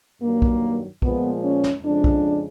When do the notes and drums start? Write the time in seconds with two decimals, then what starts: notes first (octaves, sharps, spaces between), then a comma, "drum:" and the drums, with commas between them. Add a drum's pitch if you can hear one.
0.21 G2 D#3 F#3 A#3
0.42 drum: kick B1
1.02 A#2 F3 G#3 B3, drum: kick B1
1.44 C#4
1.64 drum: snare
1.84 F2 C#3 F3 G#3 D4
2.04 drum: kick B1